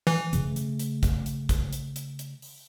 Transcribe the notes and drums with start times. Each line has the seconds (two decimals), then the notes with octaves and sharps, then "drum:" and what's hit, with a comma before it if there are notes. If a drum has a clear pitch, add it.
0.07 E3
0.33 C#3 A3, drum: hi-hat
0.56 drum: hi-hat
0.79 drum: hi-hat
1.03 drum: kick, hi-hat
1.26 drum: hi-hat
1.49 drum: kick, hi-hat
1.73 drum: hi-hat
1.96 drum: hi-hat
2.19 drum: hi-hat
2.42 drum: open hi-hat